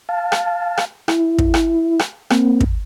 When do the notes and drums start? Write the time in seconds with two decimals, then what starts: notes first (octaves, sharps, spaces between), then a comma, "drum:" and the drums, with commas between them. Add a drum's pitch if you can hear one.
0.09 F5 A5
0.32 drum: rim click
0.77 drum: rim click
1.08 E4, drum: rim click
1.38 drum: kick
1.54 drum: rim click
1.99 drum: rim click
2.30 A#3 C4, drum: rim click
2.60 drum: kick